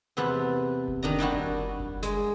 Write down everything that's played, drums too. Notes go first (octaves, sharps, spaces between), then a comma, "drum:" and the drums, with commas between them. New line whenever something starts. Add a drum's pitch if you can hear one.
E2 C3 B3 B4 A5
drum: kick F#1
D#3 D4 D#5 A#5
G3 D4 E4 F#4
drum: kick F#1
drum: kick F#1
G#3, drum: snare